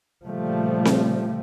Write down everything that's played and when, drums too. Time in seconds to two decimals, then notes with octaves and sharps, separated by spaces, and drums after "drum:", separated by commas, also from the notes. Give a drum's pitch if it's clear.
0.25 A#2 C#3 F3 G3 A3
0.85 drum: snare C4